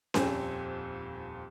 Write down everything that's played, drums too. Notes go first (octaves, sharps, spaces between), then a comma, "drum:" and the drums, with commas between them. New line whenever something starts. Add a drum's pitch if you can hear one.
D#1 F2 C4 C5 G#5, drum: snare C#4